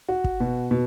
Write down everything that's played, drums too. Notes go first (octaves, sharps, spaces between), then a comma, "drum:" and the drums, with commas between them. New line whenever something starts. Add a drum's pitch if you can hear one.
F#4
drum: kick
B2
B2